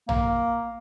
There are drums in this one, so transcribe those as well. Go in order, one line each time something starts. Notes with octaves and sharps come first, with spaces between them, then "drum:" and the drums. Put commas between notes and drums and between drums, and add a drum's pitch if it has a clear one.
A#3, drum: tom